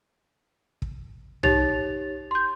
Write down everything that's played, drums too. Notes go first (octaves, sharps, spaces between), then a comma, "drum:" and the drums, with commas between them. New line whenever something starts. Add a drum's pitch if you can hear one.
drum: kick
D#4 G4 C#5 A6 F7, drum: tom
C6 G6